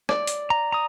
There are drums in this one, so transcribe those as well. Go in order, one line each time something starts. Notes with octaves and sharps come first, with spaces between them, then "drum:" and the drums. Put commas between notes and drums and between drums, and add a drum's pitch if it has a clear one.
D5, drum: rim click
drum: hi-hat
A#5
A#5 D#6